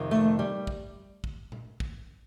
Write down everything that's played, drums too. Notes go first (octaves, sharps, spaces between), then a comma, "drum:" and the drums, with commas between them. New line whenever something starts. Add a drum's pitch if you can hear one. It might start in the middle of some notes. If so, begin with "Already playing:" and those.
Already playing: F2 C3 D#3
A3
G3
drum: kick
drum: kick
drum: tom A#2
drum: kick